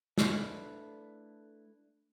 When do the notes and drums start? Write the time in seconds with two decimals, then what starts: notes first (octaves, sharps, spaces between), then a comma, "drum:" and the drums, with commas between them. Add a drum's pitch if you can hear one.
0.18 A3 D4 E4 B4, drum: snare